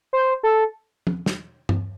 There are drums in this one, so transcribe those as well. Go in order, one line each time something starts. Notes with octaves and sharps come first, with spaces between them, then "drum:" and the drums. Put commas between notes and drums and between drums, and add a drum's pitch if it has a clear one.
C5
A4
drum: tom
drum: snare
drum: tom G2